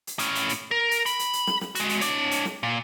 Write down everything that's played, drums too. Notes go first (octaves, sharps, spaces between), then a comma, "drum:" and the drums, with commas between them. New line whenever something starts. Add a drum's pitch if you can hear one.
drum: hi-hat
A2 C#4, drum: hi-hat
drum: hi-hat
drum: hi-hat
A#4
drum: hi-hat
B5, drum: hi-hat
drum: hi-hat
drum: hi-hat
drum: snare
drum: snare
G#3 F#4, drum: hi-hat
drum: hi-hat
D4 C#5, drum: hi-hat
drum: hi-hat
drum: snare
A#2